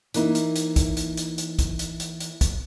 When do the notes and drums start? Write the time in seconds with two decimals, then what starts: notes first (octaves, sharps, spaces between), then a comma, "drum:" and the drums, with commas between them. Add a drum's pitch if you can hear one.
0.14 E3 A#3 D#4 E4, drum: hi-hat
0.35 drum: hi-hat
0.56 drum: hi-hat
0.76 drum: kick, hi-hat
0.97 drum: hi-hat
1.17 drum: hi-hat
1.38 drum: hi-hat
1.59 drum: kick, hi-hat
1.79 drum: hi-hat
2.00 drum: hi-hat
2.20 drum: hi-hat
2.41 drum: kick, hi-hat